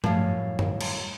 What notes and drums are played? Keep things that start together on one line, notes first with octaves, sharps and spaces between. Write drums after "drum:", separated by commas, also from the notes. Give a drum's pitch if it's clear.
F#2 A2 F3 G3 F5 A5, drum: tom G2
drum: tom F#2
drum: cymbal